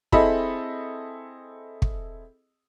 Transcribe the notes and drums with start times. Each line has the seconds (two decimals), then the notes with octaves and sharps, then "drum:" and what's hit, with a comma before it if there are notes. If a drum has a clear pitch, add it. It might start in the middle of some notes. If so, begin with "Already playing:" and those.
0.12 C4 E4 G#4 A4 D#5 B5, drum: kick
1.82 drum: kick